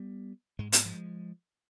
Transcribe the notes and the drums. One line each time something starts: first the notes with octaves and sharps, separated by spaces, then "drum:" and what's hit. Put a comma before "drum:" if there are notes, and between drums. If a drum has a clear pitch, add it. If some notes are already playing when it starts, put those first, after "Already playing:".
Already playing: G3 B3
G#2 G#3
B3, drum: hi-hat
F3 G#3